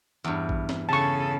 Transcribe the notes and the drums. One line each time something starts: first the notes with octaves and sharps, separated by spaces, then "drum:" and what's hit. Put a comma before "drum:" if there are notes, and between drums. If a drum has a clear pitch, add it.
E2 G2
drum: kick
drum: snare
C#3 A4 A5 C#6